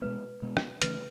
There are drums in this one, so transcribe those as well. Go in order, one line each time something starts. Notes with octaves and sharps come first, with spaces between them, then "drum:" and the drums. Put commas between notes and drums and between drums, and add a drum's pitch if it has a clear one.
B2 G#3 B3 B4
B2 G#3 B3
drum: rim click
C#3 E3 A3 C#4 B4, drum: hi-hat